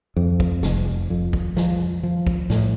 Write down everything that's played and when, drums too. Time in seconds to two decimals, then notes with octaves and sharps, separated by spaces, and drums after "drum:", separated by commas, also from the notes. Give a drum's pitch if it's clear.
0.16 F2
0.40 drum: kick
0.63 F1, drum: snare
1.10 F2
1.33 drum: kick
1.57 F3, drum: snare
2.03 F3
2.27 drum: kick
2.50 A2, drum: snare